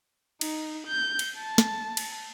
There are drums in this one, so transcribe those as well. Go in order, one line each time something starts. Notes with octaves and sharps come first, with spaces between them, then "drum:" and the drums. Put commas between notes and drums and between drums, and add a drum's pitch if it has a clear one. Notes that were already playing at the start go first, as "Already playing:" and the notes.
D#4, drum: cymbal
G6
drum: cymbal
A5
drum: snare
drum: cymbal